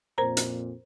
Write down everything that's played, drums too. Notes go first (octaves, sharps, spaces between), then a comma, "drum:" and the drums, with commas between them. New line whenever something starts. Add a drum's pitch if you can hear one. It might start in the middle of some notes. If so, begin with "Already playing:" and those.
F2 A#2 A#4 C5 A#5
drum: hi-hat